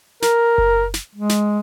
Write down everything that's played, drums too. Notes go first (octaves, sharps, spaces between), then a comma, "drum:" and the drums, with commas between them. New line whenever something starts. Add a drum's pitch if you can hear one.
A#4, drum: snare
drum: kick F#1
drum: snare
G#3
drum: snare